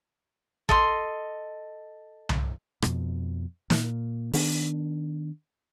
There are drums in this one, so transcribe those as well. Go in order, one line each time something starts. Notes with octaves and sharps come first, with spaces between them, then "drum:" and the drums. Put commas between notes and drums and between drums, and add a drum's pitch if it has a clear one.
A4 D#5 C6, drum: kick
drum: tom C2
F2 B2, drum: rim click
A#2, drum: snare
D#3 B3 D4, drum: open hi-hat